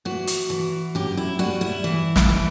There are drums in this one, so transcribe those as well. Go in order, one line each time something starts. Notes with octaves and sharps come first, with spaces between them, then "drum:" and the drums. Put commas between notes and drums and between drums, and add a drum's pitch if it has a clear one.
E3 F#4
drum: hi-hat
E3
F#2 G4
E4
G3 F#4
E4
E3
drum: snare
E3